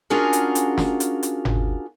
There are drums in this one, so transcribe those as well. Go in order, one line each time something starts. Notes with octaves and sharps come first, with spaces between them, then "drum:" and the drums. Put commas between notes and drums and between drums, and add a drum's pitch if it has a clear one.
C#4 D4 F4 F#4 G#4 A#4
drum: hi-hat
drum: hi-hat
drum: snare
drum: hi-hat
drum: hi-hat
drum: tom G1